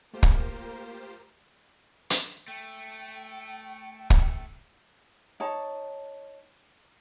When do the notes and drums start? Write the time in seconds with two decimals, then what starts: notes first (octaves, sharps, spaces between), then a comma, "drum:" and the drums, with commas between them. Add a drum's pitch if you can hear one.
0.14 A3 A#3 F4 G4 A#4 C5
0.23 drum: kick
2.10 drum: hi-hat
2.48 A3 G5
4.10 drum: kick
5.40 D#4 C#5 A5